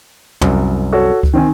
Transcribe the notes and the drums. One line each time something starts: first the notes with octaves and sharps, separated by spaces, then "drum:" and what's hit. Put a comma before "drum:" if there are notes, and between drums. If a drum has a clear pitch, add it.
C2 F#2, drum: tom
F#4 A4 C#5
drum: kick C#2
D#3 C4 G#5